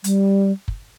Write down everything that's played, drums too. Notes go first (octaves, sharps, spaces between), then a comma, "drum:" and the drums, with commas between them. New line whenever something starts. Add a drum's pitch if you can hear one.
G3, drum: hi-hat
drum: kick